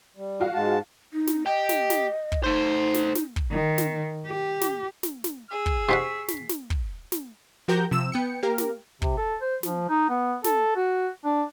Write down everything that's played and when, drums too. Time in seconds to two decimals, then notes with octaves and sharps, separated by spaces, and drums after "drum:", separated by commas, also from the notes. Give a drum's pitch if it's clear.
0.16 G3
0.40 F4 F#4 F5
0.54 G#2 G#3 A5
1.13 D#4
1.27 drum: snare
1.47 G4 D#5
1.69 drum: snare
1.90 drum: snare
2.32 drum: kick
2.44 A3 D#4 C5
2.94 drum: snare
3.15 drum: snare
3.36 drum: kick
3.52 D#3
3.78 drum: snare
4.26 G4
4.61 drum: snare
5.03 drum: snare
5.24 drum: snare
5.51 G#4 E6
5.66 drum: kick
5.89 C3 D#4 F#5 C#6 B6 C7
6.28 drum: snare
6.49 drum: snare
6.70 drum: kick
7.12 drum: snare
7.68 F3 F#4 G4 A#4 G6 A#6
7.91 C3 F3 E6 E7
8.12 B3 G5 C#7
8.43 A#3 G4 A#4
8.58 drum: snare
9.02 C3, drum: kick
9.18 A4
9.42 C5
9.63 F3, drum: snare
9.89 D#4
10.10 B3
10.44 A4, drum: snare
10.76 F#4
11.25 D4